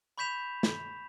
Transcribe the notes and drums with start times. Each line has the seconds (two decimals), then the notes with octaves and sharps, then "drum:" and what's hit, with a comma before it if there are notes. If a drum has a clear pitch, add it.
0.18 B5 C#6 G6 B6 E7 F7
0.63 drum: snare